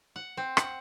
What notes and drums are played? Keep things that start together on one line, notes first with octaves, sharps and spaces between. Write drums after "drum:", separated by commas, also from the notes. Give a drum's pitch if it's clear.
F#5
C4
F#5, drum: rim click